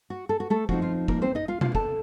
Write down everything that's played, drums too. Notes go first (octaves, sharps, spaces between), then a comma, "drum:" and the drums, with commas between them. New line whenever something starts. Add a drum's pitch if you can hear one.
F#4
A4
F#4
A3 A4
F3 C4 D#4 F#4, drum: kick
F4
A#3 A#4, drum: kick
C4 C5
D#4 D#5
F4 F5
F4 F5, drum: tom B2
A4 A5, drum: kick